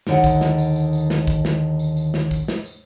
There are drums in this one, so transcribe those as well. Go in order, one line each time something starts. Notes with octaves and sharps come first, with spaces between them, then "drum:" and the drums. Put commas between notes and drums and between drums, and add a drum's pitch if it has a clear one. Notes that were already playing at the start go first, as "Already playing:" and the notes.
D#2 D3 D#3 D#4 F#5, drum: snare
drum: kick, tambourine
drum: snare
drum: tambourine
drum: tambourine
drum: tambourine
drum: snare
drum: kick, tambourine
drum: snare
drum: tambourine
drum: tambourine
drum: snare
drum: kick, tambourine
drum: snare
drum: tambourine